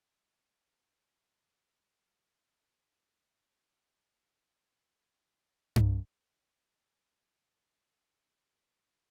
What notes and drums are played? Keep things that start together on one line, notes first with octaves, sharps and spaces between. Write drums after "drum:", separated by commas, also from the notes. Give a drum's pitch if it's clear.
F#4 D#5
D#4 F#5
D#2 G#2
drum: tom G2
F#4
F4
D5
F#6